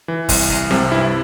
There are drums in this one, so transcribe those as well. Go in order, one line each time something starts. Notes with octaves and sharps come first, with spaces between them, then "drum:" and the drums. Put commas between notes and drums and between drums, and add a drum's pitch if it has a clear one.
E3
C2, drum: kick, open hi-hat
C2
C3, drum: snare C4
G2 E4